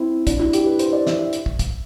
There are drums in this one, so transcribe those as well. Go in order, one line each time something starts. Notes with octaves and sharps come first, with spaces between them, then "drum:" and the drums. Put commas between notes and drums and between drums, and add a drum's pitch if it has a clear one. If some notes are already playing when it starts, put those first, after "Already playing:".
Already playing: C4 E4
D4, drum: kick, hi-hat
E4
G4, drum: hi-hat
B4
C5, drum: hi-hat
D5
E5, drum: snare
E5
drum: hi-hat
drum: kick
drum: kick, hi-hat